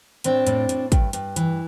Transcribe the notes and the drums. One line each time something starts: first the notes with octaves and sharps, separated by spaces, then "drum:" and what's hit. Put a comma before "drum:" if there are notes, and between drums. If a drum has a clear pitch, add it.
A2 C4 D4, drum: hi-hat
A2, drum: hi-hat
A2, drum: hi-hat
G2, drum: kick, hi-hat
G2, drum: hi-hat
E3, drum: hi-hat